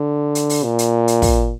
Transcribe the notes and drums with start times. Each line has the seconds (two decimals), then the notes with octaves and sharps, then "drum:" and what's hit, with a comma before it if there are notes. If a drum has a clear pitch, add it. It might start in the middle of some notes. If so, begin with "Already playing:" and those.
Already playing: D3
0.35 drum: hi-hat
0.50 drum: open hi-hat
0.64 A#2
0.79 drum: hi-hat
1.08 drum: hi-hat
1.22 drum: kick, open hi-hat